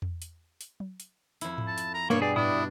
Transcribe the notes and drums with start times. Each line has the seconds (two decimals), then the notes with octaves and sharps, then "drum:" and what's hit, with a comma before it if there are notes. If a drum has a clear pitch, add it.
0.02 drum: tom E2
0.22 drum: hi-hat
0.61 drum: hi-hat
0.80 drum: tom F#3
1.00 drum: hi-hat
1.41 F2 E4, drum: hi-hat
1.58 drum: tom G#2
1.67 A5
1.78 drum: hi-hat
1.94 A#5
2.10 G2 B2 A#3 C#5 B5
2.22 G3 G#4 D5
2.36 D4 E4 D#6, drum: tom G#2